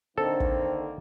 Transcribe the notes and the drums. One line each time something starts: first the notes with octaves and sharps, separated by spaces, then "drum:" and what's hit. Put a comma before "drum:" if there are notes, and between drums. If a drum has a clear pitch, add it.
D3 D#3 A#3 C4 A4
drum: kick